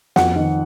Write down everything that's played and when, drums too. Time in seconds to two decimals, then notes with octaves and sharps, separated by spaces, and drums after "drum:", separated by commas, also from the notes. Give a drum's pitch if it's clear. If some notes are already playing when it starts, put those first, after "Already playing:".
0.16 F2 F#5, drum: snare
0.36 D#3